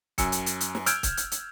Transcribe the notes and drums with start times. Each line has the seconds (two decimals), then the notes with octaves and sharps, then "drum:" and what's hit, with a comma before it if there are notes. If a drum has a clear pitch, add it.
0.18 F#2 G#5 E6 C#7, drum: kick C#1, hi-hat
0.32 drum: hi-hat
0.46 drum: hi-hat
0.60 drum: hi-hat
0.75 drum: snare
0.86 E6 F6 G6 G#6 D7, drum: hi-hat
1.03 drum: kick C#1, hi-hat
1.17 drum: hi-hat
1.32 drum: hi-hat